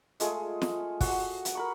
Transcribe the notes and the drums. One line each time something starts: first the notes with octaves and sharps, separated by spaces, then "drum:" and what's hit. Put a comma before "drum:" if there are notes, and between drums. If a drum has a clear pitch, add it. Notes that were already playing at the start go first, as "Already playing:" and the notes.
G#3 A3 F4 G#4, drum: hi-hat
drum: snare
F#4 F#5, drum: kick, open hi-hat
drum: hi-hat
A#4 B5 C#6